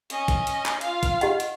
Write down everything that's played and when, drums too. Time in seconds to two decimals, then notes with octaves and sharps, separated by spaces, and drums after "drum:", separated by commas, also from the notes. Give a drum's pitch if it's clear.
0.10 C#4 D#5, drum: hi-hat
0.28 drum: kick, hi-hat
0.47 drum: hi-hat
0.66 drum: clap
0.81 F4 F5, drum: hi-hat
1.03 drum: kick, hi-hat
1.21 G4 D#5 F#5, drum: hi-hat
1.40 drum: hi-hat